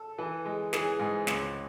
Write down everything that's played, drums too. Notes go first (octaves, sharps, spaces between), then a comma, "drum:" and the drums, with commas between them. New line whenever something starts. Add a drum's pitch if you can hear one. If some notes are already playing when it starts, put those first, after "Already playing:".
Already playing: A4
E3
G#3
E3 G#4, drum: snare
G#2
C#2, drum: snare